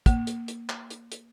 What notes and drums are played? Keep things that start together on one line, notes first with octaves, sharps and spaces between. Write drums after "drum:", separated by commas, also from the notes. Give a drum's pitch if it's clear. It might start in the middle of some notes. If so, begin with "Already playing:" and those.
A#3, drum: kick, hi-hat
drum: hi-hat
drum: hi-hat
drum: clap
drum: hi-hat
drum: hi-hat